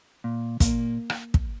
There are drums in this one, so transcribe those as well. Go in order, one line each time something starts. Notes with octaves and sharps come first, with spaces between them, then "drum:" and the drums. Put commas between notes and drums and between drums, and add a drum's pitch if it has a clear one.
A#2
A#2 A#3, drum: kick, hi-hat
drum: rim click
drum: kick